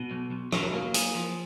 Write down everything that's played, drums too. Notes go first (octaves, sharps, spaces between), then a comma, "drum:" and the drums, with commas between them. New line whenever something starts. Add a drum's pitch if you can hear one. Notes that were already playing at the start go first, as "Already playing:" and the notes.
Already playing: B2
B1
B1
F#3, drum: rim click
A#3
G#4, drum: hi-hat
F3